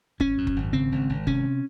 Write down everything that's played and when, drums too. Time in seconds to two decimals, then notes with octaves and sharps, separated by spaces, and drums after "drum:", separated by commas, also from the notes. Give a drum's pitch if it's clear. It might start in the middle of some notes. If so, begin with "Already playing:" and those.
0.20 G#1 C#4, drum: kick F#1
0.38 F#2
0.47 drum: kick F#1
0.56 G#1
0.73 C#3 C4
0.92 G#1
1.09 G#1
1.27 C3 C#4, drum: kick F#1